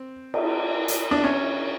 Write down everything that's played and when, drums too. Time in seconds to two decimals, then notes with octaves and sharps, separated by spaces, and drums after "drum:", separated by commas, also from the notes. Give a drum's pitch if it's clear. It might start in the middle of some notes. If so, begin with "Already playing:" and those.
Already playing: C4
0.34 drum: cymbal
0.88 drum: hi-hat
1.11 D4
1.24 C#4